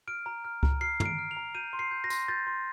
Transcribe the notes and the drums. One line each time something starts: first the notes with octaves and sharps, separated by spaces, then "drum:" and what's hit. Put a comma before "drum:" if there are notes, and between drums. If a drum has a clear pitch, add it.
F6 D7
A#5
F6
A#5, drum: kick C#2
F6 C7
A#5, drum: tom
D7
F6
F7
A#5
G6 D#7
C6
C7
G6
A#6
C6, drum: tambourine
G6 A6
C6